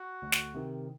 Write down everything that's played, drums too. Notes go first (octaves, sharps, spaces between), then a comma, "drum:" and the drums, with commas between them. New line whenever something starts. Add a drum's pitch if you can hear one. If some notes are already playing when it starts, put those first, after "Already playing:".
Already playing: F#4
D2
drum: snare
C3 D#3